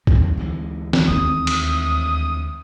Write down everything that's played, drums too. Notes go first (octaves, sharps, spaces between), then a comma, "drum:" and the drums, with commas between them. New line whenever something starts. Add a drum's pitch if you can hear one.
D#2 F#3 C4 D#4, drum: kick
D2 E3 G#3
drum: snare
D#2 C4 D#6
drum: cymbal